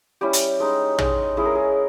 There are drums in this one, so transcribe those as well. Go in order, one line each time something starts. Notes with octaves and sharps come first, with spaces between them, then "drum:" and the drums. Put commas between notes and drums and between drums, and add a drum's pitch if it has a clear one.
G3 C#4 E4 G4
drum: hi-hat
G#3 D#4
G#3 D#4, drum: tom
G#3 C#4 E4 G#4
A#4
G#4